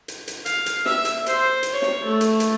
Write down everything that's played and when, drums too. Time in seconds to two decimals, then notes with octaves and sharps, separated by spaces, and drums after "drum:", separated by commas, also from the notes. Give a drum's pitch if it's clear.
0.08 drum: hi-hat
0.28 drum: hi-hat
0.46 F5, drum: hi-hat
0.66 drum: hi-hat
0.85 E5, drum: snare
1.05 drum: hi-hat
1.26 C5, drum: hi-hat
1.63 drum: hi-hat
1.72 C#5
1.82 drum: snare
2.05 A3
2.21 drum: hi-hat
2.40 drum: hi-hat